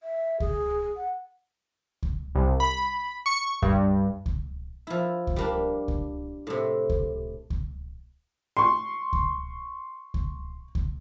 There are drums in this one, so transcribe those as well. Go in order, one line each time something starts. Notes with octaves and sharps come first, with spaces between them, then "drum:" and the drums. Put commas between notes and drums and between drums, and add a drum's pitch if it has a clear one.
E5
G#4, drum: kick C#2
F#5
drum: kick C#2
C2
B5
C#6
G2, drum: kick C#2
drum: kick C#2
F3 E4
drum: kick C#2
G3 A#3 D4
drum: kick C#2
A2 C3
drum: kick C#2
drum: kick C#2
C6 C#6
drum: kick C#2
drum: kick C#2
drum: kick C#2